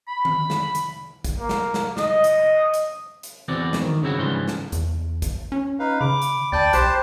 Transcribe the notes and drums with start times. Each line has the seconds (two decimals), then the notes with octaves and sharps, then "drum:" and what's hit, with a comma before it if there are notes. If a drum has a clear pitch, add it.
0.08 B5
0.25 drum: tom D#3
0.50 drum: snare
0.75 drum: hi-hat
1.24 drum: kick, hi-hat
1.39 A#3
1.49 drum: snare
1.74 drum: snare
1.97 D#5, drum: snare
2.24 drum: hi-hat
2.74 drum: hi-hat
3.23 drum: hi-hat
3.48 E2 E3 C4 F#4 D5
3.73 drum: snare
3.84 D#3
4.02 G2 C#3 C4 E4 F#4
4.18 G#2 C#3 E3 F3 G3 C6
4.48 drum: snare
4.72 E2, drum: hi-hat
5.22 drum: kick, hi-hat
5.52 C#4
5.79 D#4 B4 F5
6.01 C#3 B5 D6
6.22 drum: hi-hat
6.52 D#2 D5 G5 A5 G6 A6
6.73 C2 G4 C5 A5 F#6 G6, drum: hi-hat